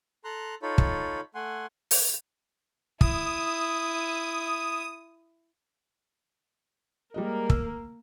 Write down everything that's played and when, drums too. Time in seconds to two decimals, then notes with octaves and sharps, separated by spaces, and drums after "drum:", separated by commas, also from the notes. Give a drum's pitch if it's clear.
0.25 A4 A#5 C6 F#6
0.62 D#4 F4 A4 C#5 B5
0.78 drum: kick
1.35 A3 F#5 G#5 C6
1.91 drum: open hi-hat
3.01 E4 D#6, drum: kick
7.14 G3 G#3 A#3 A#4 D#5
7.50 E6, drum: kick